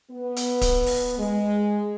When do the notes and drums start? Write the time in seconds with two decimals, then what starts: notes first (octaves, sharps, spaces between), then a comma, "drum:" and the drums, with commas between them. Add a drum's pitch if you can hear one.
0.11 B3
0.36 drum: hi-hat
0.61 drum: kick D1, hi-hat
0.86 drum: open hi-hat
1.18 G#3